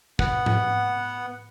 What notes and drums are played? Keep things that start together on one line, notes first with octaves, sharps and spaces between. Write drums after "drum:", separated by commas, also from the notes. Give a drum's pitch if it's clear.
B3 F#5, drum: kick
drum: tom G#2